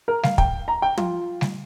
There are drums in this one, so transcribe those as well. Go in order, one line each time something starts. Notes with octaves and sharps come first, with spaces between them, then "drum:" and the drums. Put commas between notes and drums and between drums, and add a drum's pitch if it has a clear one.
A#4
F5, drum: snare G3
G5, drum: kick
A#5
G5
F4, drum: tom
drum: snare G3